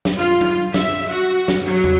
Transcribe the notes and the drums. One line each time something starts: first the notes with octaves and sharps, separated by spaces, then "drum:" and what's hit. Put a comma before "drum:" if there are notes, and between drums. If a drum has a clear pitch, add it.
drum: snare
F4
drum: tom F#3
E5, drum: snare
F#4
drum: snare
F#3
drum: tom